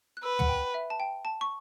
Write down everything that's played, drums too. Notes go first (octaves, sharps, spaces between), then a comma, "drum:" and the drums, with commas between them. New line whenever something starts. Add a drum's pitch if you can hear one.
F#6
B4 E6
F#5, drum: tom
G5
E5
A5
G5
A5
C#6